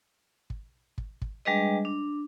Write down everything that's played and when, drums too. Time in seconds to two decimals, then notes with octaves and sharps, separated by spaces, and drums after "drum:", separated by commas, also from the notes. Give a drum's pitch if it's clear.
0.50 drum: kick
0.98 drum: kick
1.22 drum: kick
1.45 G3 G#3 D4 G#4 B4 D#5
1.85 D4